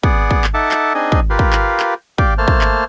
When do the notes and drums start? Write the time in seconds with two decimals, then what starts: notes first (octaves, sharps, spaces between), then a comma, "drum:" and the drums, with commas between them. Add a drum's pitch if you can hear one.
0.03 B3 G#4 D5 F#5, drum: kick
0.31 drum: kick
0.44 drum: clap
0.54 D#4 A4 E5 F#5 A5 D6
0.71 drum: clap
0.94 C4 D4 D#4 G#4 D#5 G#5
1.12 drum: kick
1.30 F4 G4 A#4 B4 F5
1.39 drum: kick
1.53 drum: clap
1.80 drum: clap
2.18 G4 D5 F5 G5, drum: kick
2.38 A3 A#3 C5 A5 F6
2.48 drum: kick
2.61 drum: clap